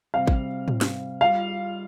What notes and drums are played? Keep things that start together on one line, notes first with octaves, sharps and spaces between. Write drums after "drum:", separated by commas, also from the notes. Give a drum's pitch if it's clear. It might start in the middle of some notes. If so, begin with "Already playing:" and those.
C3 G3 C4 F5
drum: kick
drum: tom
drum: snare
G3 F4 F5